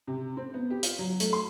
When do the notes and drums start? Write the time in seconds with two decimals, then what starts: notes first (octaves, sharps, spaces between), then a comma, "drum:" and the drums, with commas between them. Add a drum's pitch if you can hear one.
0.07 C3
0.37 C4
0.54 B3
0.70 G4
0.83 F4, drum: hi-hat
0.99 F#3
1.20 A3, drum: hi-hat
1.33 C6